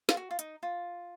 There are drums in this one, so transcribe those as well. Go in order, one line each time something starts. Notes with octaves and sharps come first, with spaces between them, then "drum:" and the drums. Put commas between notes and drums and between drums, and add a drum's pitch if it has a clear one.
F4, drum: snare
F#4
F4
D#4, drum: hi-hat
F4